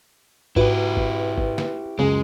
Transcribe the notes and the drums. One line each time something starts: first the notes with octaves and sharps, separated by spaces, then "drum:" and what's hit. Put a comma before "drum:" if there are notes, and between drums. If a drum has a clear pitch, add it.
G#2 E4 F#4 G4 B4, drum: kick
drum: kick
drum: kick
drum: snare
C#2 F#2 C#3 G#3 G#4